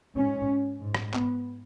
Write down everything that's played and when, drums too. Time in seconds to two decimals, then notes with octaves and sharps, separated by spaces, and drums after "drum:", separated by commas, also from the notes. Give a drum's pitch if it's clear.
0.15 G#2 C#4
0.81 G#2
0.95 drum: rim click
1.14 B3, drum: clap